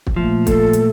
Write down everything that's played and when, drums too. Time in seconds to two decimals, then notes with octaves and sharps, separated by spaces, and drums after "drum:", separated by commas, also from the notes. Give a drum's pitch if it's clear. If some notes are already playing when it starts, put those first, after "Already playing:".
0.07 drum: kick
0.16 A#2 F3 A3 A#3
0.47 A4, drum: kick, hi-hat
0.73 drum: hi-hat